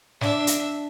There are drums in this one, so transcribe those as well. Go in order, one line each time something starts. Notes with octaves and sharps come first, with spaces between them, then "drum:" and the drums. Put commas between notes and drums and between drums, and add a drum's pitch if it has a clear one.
D4 E5, drum: snare
drum: hi-hat